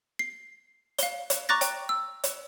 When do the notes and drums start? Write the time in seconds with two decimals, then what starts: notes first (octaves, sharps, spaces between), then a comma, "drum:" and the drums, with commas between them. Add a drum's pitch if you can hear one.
0.19 C7
0.98 F5 G7, drum: hi-hat
1.30 drum: hi-hat
1.49 A#5 C#6 D6 F#6 A6 A#6
1.61 G5, drum: hi-hat
1.89 E6
2.24 drum: hi-hat